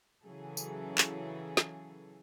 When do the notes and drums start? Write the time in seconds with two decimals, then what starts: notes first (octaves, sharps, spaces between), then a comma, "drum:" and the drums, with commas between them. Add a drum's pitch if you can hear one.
0.24 C#3 E3 F#3 G#4 A4
0.57 drum: tambourine
0.98 drum: clap
1.57 drum: snare